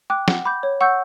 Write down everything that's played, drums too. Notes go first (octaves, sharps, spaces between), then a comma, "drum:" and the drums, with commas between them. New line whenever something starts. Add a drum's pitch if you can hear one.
G5 D6 F#6
F#5, drum: snare
B5 D6 G6
C#5
F#5 C#6 E6 G6